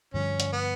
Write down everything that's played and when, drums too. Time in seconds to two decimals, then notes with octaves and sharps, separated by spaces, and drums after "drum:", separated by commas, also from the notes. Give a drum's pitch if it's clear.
0.14 G2 D3 F3 C#4
0.40 drum: hi-hat
0.52 B3